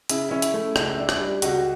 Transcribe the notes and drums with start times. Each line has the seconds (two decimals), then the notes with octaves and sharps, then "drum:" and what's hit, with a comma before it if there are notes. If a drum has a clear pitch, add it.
0.09 C#3 E4, drum: hi-hat
0.29 C#4 E4
0.42 drum: hi-hat
0.54 A3
0.76 C#2, drum: rim click
0.98 D4
1.09 drum: rim click
1.20 G3
1.42 C#2 F#4, drum: hi-hat